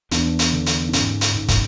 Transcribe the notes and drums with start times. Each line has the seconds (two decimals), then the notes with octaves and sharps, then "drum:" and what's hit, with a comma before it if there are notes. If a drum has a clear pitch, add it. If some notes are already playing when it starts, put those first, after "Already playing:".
0.11 E2 D4, drum: hi-hat
0.39 drum: hi-hat
0.52 D3
0.66 drum: hi-hat
0.89 D4
0.93 G#2 C#4, drum: hi-hat
1.21 drum: hi-hat
1.35 G#2
1.48 drum: kick, hi-hat